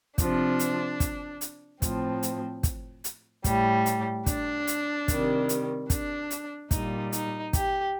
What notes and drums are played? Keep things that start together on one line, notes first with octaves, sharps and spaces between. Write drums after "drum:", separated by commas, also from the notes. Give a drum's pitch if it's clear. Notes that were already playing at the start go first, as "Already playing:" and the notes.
C3 F3 D4, drum: kick, hi-hat
drum: hi-hat
drum: kick, hi-hat
drum: hi-hat
A2 F3 C4, drum: kick, hi-hat
drum: hi-hat
drum: kick, hi-hat
drum: hi-hat
A2 G3, drum: kick, hi-hat
drum: hi-hat
D4, drum: kick, hi-hat
drum: hi-hat
C3 D#3 G3, drum: kick, hi-hat
drum: hi-hat
D4, drum: kick, hi-hat
drum: hi-hat
A#2 G3 D#4, drum: kick, hi-hat
D#4, drum: hi-hat
G4, drum: kick, hi-hat